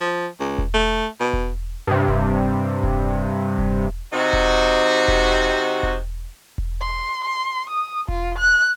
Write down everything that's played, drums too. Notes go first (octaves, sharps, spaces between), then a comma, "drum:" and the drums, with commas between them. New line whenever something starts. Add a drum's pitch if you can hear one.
F3
C#2
drum: kick E1
A3
B2
drum: kick E1
G2 C3
drum: kick E1
drum: kick E1
drum: kick E1
C3 D#4 F#4
drum: kick E1
drum: kick E1
drum: kick E1
drum: kick E1
C6
C6
D#6
F4, drum: kick E1
F#6